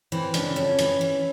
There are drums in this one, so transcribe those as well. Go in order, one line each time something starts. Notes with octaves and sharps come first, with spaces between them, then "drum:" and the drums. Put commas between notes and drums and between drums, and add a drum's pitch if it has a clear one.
E3 C4
C#3 D4, drum: hi-hat
F2 C#4
E3, drum: hi-hat
E3